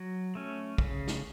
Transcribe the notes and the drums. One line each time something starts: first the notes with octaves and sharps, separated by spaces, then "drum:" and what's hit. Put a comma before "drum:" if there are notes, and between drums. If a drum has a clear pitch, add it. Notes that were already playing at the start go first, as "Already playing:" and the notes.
Already playing: F#3
A3 C#4
C#3, drum: kick
drum: snare